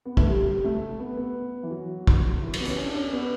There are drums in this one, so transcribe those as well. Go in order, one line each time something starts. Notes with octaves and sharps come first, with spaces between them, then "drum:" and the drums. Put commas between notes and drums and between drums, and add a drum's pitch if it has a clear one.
B3
A3, drum: kick
G3
G3
A3
B3
B3
E3
F#3
drum: kick
E3
F#3, drum: cymbal
B3
C#4, drum: hi-hat
C#4
D4
C#4
B3